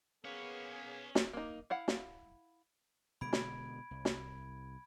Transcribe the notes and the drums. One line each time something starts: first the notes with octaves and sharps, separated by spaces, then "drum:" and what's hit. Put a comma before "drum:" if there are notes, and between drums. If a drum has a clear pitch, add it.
A#3 B3 C#4 G#4 B4 C#5
drum: snare
A#3 D#4
E4 F5 F#5
drum: snare
B2 D3 G#3 B5 G#6 D7
drum: snare
C2
drum: snare